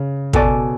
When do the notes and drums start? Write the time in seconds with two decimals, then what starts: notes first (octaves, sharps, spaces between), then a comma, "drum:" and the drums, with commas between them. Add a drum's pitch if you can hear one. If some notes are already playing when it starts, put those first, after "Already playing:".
Already playing: C#3
0.33 B2 F#4 A4 D5 G#5, drum: kick